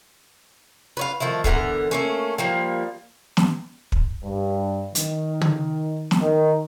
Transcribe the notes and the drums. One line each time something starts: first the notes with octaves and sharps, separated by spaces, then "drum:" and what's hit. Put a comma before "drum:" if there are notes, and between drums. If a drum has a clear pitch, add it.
B4 C#5 F5
D#3 F3 A3 E4
D3 E3 B3 A#4, drum: kick
A3 A#3 C#4
F3 G3 A#3
drum: snare
drum: kick
G2
D#3, drum: hi-hat
drum: tom
drum: snare
D#3